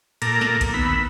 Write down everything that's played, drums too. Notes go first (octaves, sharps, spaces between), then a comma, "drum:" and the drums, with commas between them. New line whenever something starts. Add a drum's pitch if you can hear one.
A#2 A4 A#5 D6, drum: cymbal
drum: snare
drum: kick A#1, cymbal
D#2 B3 B5 E6